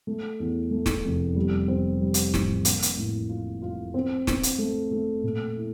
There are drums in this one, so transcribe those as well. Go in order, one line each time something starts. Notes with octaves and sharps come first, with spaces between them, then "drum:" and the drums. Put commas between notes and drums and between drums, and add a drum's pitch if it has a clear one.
A3
E2
A3
drum: snare
F1
G3
C4
G3
drum: hi-hat
A1, drum: snare
A#3, drum: hi-hat
drum: hi-hat
A2
F4
F4
C4
C4, drum: snare
drum: hi-hat
A3
A3
A#2
E4